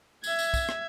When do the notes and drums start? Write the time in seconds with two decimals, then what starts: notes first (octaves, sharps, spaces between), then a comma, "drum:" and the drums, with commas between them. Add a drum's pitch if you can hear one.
0.24 E5 G#6, drum: tambourine
0.39 drum: tambourine
0.54 drum: kick, tambourine
0.69 drum: rim click